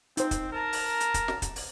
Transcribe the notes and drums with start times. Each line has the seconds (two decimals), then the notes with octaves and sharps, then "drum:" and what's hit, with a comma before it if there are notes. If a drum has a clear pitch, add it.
0.17 C4 D#4 C5, drum: hi-hat
0.31 drum: kick, hi-hat
0.53 A#4 A5 A#5
0.73 drum: open hi-hat
1.00 drum: hi-hat
1.14 drum: kick, hi-hat
1.28 drum: snare
1.42 drum: kick, hi-hat
1.56 drum: open hi-hat